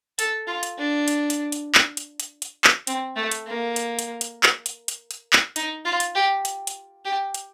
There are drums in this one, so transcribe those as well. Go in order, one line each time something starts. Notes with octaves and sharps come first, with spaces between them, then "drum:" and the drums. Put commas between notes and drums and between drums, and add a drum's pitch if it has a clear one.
A4, drum: hi-hat
F4
drum: hi-hat
D4
drum: hi-hat
drum: hi-hat
drum: hi-hat
drum: clap
drum: hi-hat
drum: hi-hat
drum: hi-hat
drum: clap
C4, drum: hi-hat
A3
drum: hi-hat
A#3
drum: hi-hat
drum: hi-hat
drum: hi-hat
drum: clap
drum: hi-hat
drum: hi-hat
drum: hi-hat
drum: clap
D#4, drum: hi-hat
F4
drum: hi-hat
G4
drum: hi-hat
drum: hi-hat
G4
drum: hi-hat